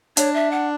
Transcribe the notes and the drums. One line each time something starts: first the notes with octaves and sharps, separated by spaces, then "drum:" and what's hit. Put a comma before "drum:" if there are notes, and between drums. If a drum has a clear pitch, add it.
D4 C#5, drum: hi-hat
E5
F#5